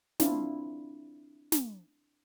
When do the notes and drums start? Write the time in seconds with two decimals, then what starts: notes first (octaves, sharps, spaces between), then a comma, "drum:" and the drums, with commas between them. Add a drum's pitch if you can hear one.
0.20 C4 D4 E4 F4 D5, drum: snare
1.52 drum: snare